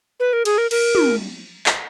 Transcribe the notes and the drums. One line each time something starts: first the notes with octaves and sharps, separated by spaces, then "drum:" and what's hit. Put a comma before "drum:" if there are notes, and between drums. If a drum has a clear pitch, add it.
B4
A#4
G#4, drum: cymbal
A#4
A#4, drum: cymbal
drum: tom
drum: clap